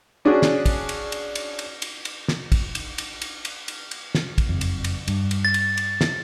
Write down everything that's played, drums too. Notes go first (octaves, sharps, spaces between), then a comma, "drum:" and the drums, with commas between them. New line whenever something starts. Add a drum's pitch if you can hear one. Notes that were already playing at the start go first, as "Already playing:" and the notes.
C#4 D4 F#4 G#4
drum: snare
drum: kick, cymbal
drum: cymbal
drum: cymbal
drum: cymbal
drum: cymbal
drum: cymbal
drum: cymbal
drum: snare
drum: kick, cymbal
drum: cymbal
drum: cymbal
drum: cymbal
drum: cymbal
drum: cymbal
drum: cymbal
drum: snare
drum: kick, cymbal
F#1 F2
drum: cymbal
drum: cymbal
G2, drum: cymbal
drum: cymbal
A6
drum: cymbal
drum: cymbal
drum: snare